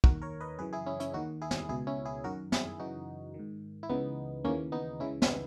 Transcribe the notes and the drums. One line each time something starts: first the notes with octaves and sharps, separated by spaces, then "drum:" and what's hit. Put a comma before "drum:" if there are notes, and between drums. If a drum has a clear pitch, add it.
D#2 D#3 F#4 A#4, drum: kick
A#4 C#5
B4 D#5
F#2 C#3 E3 G#4 B4
E4 G#4
C#4 E4
C#4 E4, drum: hi-hat
D#2 D#3 D#4 F#4
E4 G#4
drum: snare
C#2 B2 E4 G#4
C#4 E4
E4 G#4
F#2 D#3 F#4 A#4
E4 G#4, drum: snare
F#2 C#3 E3 D#4 F#4
D#3
G#2
E4
C#2 C#3 E3 B3 D#4
D#2 C#3 E3 A#3 C#4
B3 D#4
C#2 C#3 E3 C#4 E4
E4, drum: snare
B3 D#4